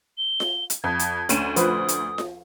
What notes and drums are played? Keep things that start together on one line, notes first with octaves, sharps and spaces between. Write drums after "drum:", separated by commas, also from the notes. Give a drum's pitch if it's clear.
G7
drum: snare F4
drum: hi-hat
F2 G#6
drum: hi-hat
D2 C#4 D#7 E7, drum: hi-hat
F3 B4 C5 D#6, drum: hi-hat
drum: hi-hat
drum: snare F4